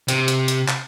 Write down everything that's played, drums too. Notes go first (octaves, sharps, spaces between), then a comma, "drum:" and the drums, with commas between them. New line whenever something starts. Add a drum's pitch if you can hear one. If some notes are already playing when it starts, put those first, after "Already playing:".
C3, drum: hi-hat
drum: hi-hat
drum: hi-hat
drum: clap